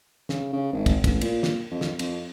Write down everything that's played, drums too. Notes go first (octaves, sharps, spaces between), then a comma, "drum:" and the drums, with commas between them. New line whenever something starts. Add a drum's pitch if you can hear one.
C#3, drum: snare
C#3
G#1
drum: kick, cymbal
A1, drum: kick, cymbal
A#2, drum: cymbal
drum: snare
F2
drum: snare
F2, drum: cymbal